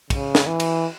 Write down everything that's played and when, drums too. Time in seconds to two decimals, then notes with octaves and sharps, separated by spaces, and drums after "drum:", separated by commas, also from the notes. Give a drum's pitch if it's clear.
0.10 C#3, drum: kick, cymbal
0.35 drum: snare
0.47 E3
0.60 drum: cymbal